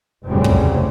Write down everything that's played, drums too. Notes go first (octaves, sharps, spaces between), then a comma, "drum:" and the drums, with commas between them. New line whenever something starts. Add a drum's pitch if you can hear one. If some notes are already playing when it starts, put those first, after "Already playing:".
F1 A2 C#3 F#3 G3 C4
drum: kick